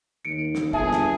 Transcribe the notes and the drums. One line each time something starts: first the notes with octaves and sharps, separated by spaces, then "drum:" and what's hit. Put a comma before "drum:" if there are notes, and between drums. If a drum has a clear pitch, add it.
D#2 C#7 D7
drum: snare
G1 G#4 E5 A5, drum: kick
drum: snare